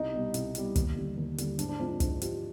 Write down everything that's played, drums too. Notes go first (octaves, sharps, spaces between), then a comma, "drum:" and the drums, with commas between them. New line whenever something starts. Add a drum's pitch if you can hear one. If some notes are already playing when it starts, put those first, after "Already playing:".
Already playing: C2 D#4
B2 G3
C2, drum: hi-hat
B2 G3, drum: hi-hat
D#2, drum: kick, hi-hat
D3 G3
D#2
D3 G3, drum: hi-hat
G#2 D4, drum: hi-hat
D4
F3 G#3 C4
D4
G#2 D4, drum: kick, hi-hat
F3 G#3 G4, drum: hi-hat